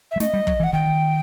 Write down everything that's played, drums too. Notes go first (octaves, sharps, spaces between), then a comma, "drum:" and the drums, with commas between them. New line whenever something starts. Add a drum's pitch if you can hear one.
G3 E5
A3 D#5, drum: snare
G3
F#3, drum: kick
E3
F#5
D#3 G5